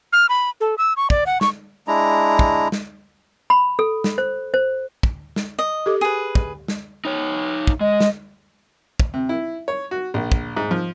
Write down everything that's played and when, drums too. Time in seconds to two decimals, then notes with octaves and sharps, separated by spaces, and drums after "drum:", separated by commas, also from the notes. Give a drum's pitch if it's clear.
0.13 F6
0.29 B5
0.61 A4
0.78 E6
0.97 C#6
1.10 D5, drum: kick
1.26 F#5
1.41 C#6, drum: snare
1.87 G#3 D4 E4 A#5
2.39 drum: kick
2.72 drum: snare
3.50 B5
3.79 A4
4.04 drum: snare
4.18 C5
4.54 C5
5.03 drum: kick
5.36 drum: snare
5.59 D#5
5.86 G4 A4 D6
6.01 G#4 B4
6.35 drum: kick
6.68 drum: snare
7.05 D#4 C#5
7.67 drum: kick
7.81 G#3 D#5
8.00 drum: snare
9.00 drum: kick
9.14 C3
9.29 E4
9.68 C#5
9.91 F#4
10.14 A#1
10.32 drum: kick
10.57 G#2
10.71 F3